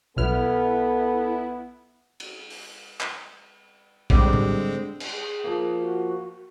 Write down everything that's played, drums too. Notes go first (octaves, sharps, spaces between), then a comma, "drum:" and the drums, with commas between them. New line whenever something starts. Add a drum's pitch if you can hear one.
B1 B3 E4 A4 F6
drum: cymbal
drum: open hi-hat
drum: clap
D3 G3 G#3 C4, drum: kick
drum: tom
drum: cymbal
G#4
F3 A#3
F#4